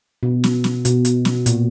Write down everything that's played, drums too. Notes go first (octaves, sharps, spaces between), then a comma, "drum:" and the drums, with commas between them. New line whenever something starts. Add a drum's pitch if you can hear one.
B2
drum: snare
drum: snare
B2, drum: hi-hat
drum: hi-hat
drum: snare
A#2, drum: hi-hat